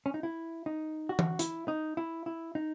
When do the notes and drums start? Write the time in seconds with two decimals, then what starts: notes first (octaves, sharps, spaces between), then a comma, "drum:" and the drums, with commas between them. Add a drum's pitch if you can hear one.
0.06 C#4
0.14 D#4
0.23 E4
0.66 D#4
1.09 F#4
1.19 drum: tom E3
1.39 E4, drum: hi-hat
1.68 D#4
1.97 E4
2.26 E4
2.55 D#4